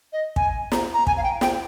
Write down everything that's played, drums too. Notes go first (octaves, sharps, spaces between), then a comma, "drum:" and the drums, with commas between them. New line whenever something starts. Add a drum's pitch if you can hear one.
D#5
G#5, drum: kick
A#5, drum: snare
A#5
G#5, drum: kick
F5
G5
G5, drum: snare